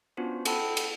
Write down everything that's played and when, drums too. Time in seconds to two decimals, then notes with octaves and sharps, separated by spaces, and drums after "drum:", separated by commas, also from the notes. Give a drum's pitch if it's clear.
0.17 B3 C#4 D4 F4 F#4 C5
0.45 A4 F#5 G5 A5 B5 E6, drum: cymbal
0.77 drum: cymbal